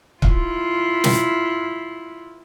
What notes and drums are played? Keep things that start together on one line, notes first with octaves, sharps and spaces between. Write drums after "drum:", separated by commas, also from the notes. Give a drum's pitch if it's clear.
E4 F4, drum: kick
drum: snare